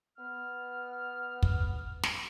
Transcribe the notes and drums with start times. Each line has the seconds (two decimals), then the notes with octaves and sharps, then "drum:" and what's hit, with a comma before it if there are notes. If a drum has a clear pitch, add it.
0.18 B3 F6
1.43 drum: kick
2.03 drum: snare